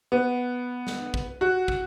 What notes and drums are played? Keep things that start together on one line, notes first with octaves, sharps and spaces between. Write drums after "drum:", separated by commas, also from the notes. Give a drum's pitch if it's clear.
B3
drum: snare
drum: kick
F#4
drum: kick